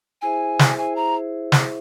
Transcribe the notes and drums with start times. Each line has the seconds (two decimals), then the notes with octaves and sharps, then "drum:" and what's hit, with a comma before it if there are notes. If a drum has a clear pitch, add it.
0.22 E4 G#4 C5 E5 G#5
0.59 drum: snare
0.78 E4 G#4 C5 E5 G#5
0.96 A#5
1.52 drum: snare